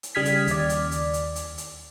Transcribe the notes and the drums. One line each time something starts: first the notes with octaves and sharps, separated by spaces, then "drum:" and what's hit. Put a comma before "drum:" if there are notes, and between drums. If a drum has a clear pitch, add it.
drum: hi-hat
C#3 G3 D#6 F6 G#6 B6
drum: hi-hat
D#2 D5, drum: hi-hat
drum: hi-hat
drum: hi-hat
drum: hi-hat
drum: hi-hat
drum: hi-hat